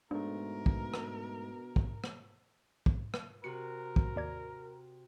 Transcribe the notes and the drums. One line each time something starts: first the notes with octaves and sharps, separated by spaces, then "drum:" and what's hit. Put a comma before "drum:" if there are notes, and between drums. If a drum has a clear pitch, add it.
G#2 B2 A3 D4 A#4
drum: kick
drum: rim click
drum: kick
drum: rim click
drum: kick
drum: rim click
C3 F#4 A#4 C#7
drum: kick
D#2 D5 G#6